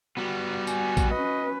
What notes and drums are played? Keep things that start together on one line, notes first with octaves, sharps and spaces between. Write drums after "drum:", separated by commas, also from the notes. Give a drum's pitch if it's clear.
G3 B3 F#4
G#5, drum: tambourine
drum: kick A#1, tambourine
C#4 B4 D#5